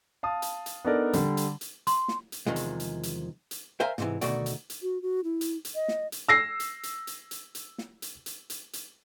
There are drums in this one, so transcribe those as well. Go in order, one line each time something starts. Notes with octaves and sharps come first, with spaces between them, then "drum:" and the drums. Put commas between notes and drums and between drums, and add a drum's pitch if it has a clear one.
F5 A5 D#6
drum: hi-hat
drum: hi-hat
B3 D4 D#4 A4 A#4 D5
D3 G3, drum: hi-hat
drum: hi-hat
drum: hi-hat
C6, drum: hi-hat
drum: snare
drum: hi-hat
E2 C3 D#3 F3 G#3
drum: hi-hat
drum: hi-hat
drum: hi-hat
drum: hi-hat
A#4 C5 E5 F5 G#5 A#5
G#2 C3 E3, drum: snare
D2 B2 D#3 A3 F#4 D5, drum: hi-hat
drum: hi-hat
drum: hi-hat
F#4
F#4
E4
drum: hi-hat
drum: hi-hat
D#5
drum: snare
drum: hi-hat
E6 A#6 C7
drum: hi-hat
drum: hi-hat
drum: hi-hat
drum: hi-hat
drum: hi-hat
drum: snare
drum: hi-hat
drum: hi-hat
drum: hi-hat
drum: hi-hat